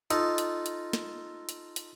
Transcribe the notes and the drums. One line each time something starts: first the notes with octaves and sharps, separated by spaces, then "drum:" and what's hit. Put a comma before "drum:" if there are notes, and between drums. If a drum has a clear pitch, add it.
D#4 F4 A4 D#5, drum: hi-hat
drum: hi-hat
drum: hi-hat
drum: snare
drum: hi-hat
drum: hi-hat